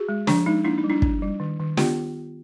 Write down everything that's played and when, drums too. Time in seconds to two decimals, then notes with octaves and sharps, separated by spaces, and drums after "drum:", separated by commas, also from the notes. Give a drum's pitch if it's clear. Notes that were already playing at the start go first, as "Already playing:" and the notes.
Already playing: F#4 G#4
0.09 G#3
0.27 F3 D4, drum: snare
0.46 G#3 D#4
0.65 A#3 D4 E4
0.78 D#4
0.84 G3
0.89 D4 E4
1.02 D4, drum: kick
1.22 G3
1.40 D#3
1.59 D#3
1.77 B3 F4 G4, drum: snare